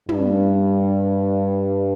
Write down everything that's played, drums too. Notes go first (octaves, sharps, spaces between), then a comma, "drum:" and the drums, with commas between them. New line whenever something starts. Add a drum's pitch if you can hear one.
G2, drum: tom